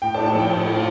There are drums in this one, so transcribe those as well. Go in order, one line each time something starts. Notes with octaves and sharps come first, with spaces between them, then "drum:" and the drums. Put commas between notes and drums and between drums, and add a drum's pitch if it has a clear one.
A2 G5
A5, drum: cymbal
A2
A5
F3 G5
A2
A2
F4